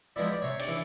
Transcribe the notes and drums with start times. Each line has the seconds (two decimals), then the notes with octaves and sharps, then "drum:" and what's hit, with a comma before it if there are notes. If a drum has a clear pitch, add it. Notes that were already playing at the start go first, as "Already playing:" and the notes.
0.16 F3 G#3 B3 E4 D5
0.31 D5
0.42 C3 C#5
0.60 D5, drum: cymbal
0.68 E3